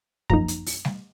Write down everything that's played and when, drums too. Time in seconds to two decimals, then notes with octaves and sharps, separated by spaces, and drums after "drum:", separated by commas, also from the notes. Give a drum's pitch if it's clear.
0.30 F#2 F3 A#3 D#4 A#5, drum: kick
0.48 drum: hi-hat
0.66 drum: open hi-hat
0.85 drum: snare G3